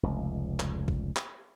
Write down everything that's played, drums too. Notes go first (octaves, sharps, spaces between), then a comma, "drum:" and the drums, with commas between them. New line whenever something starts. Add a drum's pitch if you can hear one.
F1 C#2
drum: clap
drum: kick
drum: clap